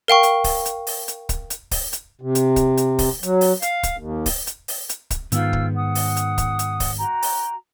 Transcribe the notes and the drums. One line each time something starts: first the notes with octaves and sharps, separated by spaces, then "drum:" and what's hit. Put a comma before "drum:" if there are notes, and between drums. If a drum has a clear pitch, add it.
A#4 F5 G5 C#6
drum: hi-hat
drum: kick, open hi-hat
drum: hi-hat
drum: open hi-hat
drum: hi-hat
drum: kick, hi-hat
drum: hi-hat
drum: kick, open hi-hat
drum: hi-hat
C3
drum: hi-hat
drum: kick, hi-hat
drum: hi-hat
drum: kick, open hi-hat
F#3, drum: hi-hat
drum: open hi-hat
F5, drum: hi-hat
drum: kick, hi-hat
D#2
drum: kick, open hi-hat
drum: hi-hat
drum: open hi-hat
drum: hi-hat
drum: kick, hi-hat
G#2 D#3 B3 F4 G5 E6, drum: hi-hat
drum: kick
F#5 D#6
drum: open hi-hat
drum: hi-hat
drum: kick, hi-hat
drum: hi-hat
drum: kick, open hi-hat
F#4 G5 A#5
drum: open hi-hat